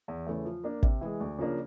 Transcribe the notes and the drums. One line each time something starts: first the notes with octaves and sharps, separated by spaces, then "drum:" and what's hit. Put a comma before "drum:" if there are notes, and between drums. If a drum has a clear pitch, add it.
E2
C#3 E3 A3
F3
A#3 D4
C3, drum: kick
E3 G#3
D2
C#3 F3 A#3 D4